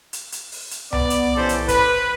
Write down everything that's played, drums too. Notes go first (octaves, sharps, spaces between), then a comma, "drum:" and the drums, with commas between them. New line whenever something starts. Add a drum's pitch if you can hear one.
drum: hi-hat
drum: hi-hat
drum: open hi-hat
drum: hi-hat
B3 D5, drum: tom C2
drum: hi-hat
E3 C#4 G4 A4 C5
drum: hi-hat
B4, drum: kick, hi-hat